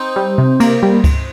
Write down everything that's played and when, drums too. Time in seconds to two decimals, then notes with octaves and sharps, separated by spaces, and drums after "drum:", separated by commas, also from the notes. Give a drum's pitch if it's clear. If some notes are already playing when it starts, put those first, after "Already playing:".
Already playing: C4 D#4
0.16 G3
0.38 C3
0.60 A#3, drum: cymbal
0.83 G3
1.04 drum: kick C#2, cymbal